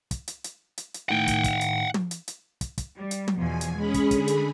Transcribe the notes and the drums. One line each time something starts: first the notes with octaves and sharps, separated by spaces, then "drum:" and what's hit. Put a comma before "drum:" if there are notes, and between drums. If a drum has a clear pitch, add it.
drum: kick, hi-hat
drum: hi-hat
drum: hi-hat
drum: hi-hat
drum: hi-hat
A2 D#3 F#5 G5 C#7
drum: kick, hi-hat
drum: kick, hi-hat
drum: hi-hat
drum: tom
drum: hi-hat
drum: hi-hat
drum: kick, hi-hat
drum: kick, hi-hat
G3
drum: hi-hat
drum: tom
E2 B2 F3 G#5
drum: hi-hat
G#3 C#4 G#4 B5
drum: kick, hi-hat
D3 G#4 B5, drum: kick, hi-hat
drum: hi-hat